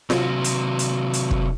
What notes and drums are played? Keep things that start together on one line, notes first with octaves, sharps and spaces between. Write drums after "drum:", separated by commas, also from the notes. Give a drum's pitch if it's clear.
C3 F#3, drum: snare F4
drum: hi-hat
drum: hi-hat
drum: hi-hat
drum: kick